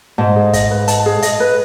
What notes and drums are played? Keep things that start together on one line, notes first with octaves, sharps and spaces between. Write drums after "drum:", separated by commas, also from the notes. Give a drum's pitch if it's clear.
G#2 A5
G#4
D#5, drum: kick, hi-hat
B4
A5, drum: hi-hat
G#4
D#5, drum: hi-hat
B4